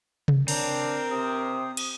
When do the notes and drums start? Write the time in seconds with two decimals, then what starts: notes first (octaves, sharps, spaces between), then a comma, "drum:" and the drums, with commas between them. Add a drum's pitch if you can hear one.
0.28 drum: tom C3
0.48 C4 D4 A#4 C#5, drum: cymbal
1.10 C3 D#6
1.77 drum: cymbal